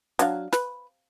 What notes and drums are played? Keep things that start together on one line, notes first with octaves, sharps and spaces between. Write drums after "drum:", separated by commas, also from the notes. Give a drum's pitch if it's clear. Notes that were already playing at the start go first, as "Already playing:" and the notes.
F#3 D4 F5, drum: hi-hat
B4, drum: snare